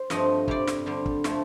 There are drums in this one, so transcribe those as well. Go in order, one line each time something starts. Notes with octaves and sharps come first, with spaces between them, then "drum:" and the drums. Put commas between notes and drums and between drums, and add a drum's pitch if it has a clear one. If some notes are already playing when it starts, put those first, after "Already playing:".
Already playing: C5
G2 F3 A3 C4 D#5, drum: snare
C3 G3 C4 D5, drum: kick
drum: snare
D3 G3 C4
drum: kick
D3 F3 A3, drum: snare